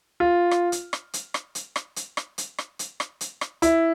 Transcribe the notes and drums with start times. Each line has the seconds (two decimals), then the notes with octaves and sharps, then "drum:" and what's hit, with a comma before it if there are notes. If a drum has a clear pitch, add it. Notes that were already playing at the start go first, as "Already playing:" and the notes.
0.20 F4
0.51 drum: rim click
0.72 drum: hi-hat
0.93 drum: rim click
1.13 drum: hi-hat
1.34 drum: rim click
1.55 drum: hi-hat
1.76 drum: rim click
1.96 drum: hi-hat
2.17 drum: rim click
2.38 drum: hi-hat
2.58 drum: rim click
2.79 drum: hi-hat
3.00 drum: rim click
3.21 drum: hi-hat
3.41 drum: rim click
3.62 E4, drum: hi-hat